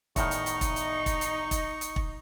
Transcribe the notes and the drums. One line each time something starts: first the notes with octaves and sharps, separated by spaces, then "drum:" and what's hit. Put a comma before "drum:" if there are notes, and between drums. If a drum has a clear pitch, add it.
E2 A2 D#3 D#4 C#6, drum: kick, hi-hat
drum: hi-hat
drum: hi-hat
drum: kick, hi-hat
drum: hi-hat
drum: kick, hi-hat
drum: hi-hat
drum: kick, hi-hat
drum: hi-hat
drum: kick